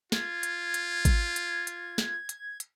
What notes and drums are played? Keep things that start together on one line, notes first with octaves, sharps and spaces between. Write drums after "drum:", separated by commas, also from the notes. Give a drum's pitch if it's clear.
F4 G#6, drum: snare
drum: hi-hat
drum: hi-hat
drum: kick G#1, hi-hat
drum: hi-hat
drum: hi-hat
drum: snare
drum: hi-hat
drum: hi-hat